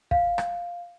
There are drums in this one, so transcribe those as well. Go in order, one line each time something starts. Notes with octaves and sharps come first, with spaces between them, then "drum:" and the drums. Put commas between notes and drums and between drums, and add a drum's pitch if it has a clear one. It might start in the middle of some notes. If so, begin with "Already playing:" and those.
F5, drum: kick
drum: rim click